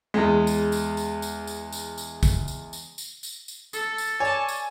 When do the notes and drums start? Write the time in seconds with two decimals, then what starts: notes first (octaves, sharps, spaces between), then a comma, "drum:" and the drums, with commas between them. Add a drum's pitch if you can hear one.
0.14 E2 G#3
0.47 drum: tambourine
0.72 drum: tambourine
0.97 drum: tambourine
1.22 drum: tambourine
1.47 drum: tambourine
1.73 drum: tambourine
1.98 drum: tambourine
2.23 drum: kick, tambourine
2.48 drum: tambourine
2.73 drum: tambourine
2.98 drum: tambourine
3.23 drum: tambourine
3.48 drum: tambourine
3.73 A4, drum: tambourine
3.98 drum: tambourine
4.20 C#5 D5 G#5 A5
4.48 drum: tambourine